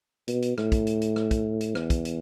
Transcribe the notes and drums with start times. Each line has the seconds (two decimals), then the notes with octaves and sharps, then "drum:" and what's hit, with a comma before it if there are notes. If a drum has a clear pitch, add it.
0.28 B2, drum: hi-hat
0.42 drum: hi-hat
0.58 A2, drum: rim click
0.72 drum: kick, hi-hat
0.87 drum: hi-hat
1.01 drum: hi-hat
1.16 drum: rim click
1.31 drum: kick, hi-hat
1.61 drum: hi-hat
1.75 E2, drum: rim click
1.90 drum: kick, hi-hat
2.05 drum: hi-hat